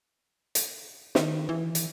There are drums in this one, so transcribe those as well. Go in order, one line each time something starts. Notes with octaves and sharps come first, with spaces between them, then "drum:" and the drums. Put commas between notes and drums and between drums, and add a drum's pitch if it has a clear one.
drum: hi-hat
D#3, drum: snare
E3
drum: hi-hat